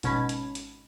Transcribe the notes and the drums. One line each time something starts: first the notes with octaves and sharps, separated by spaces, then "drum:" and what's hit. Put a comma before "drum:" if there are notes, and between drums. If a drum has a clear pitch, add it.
G#1 B2 C#4 A5 B5 G#6, drum: hi-hat
drum: hi-hat
drum: hi-hat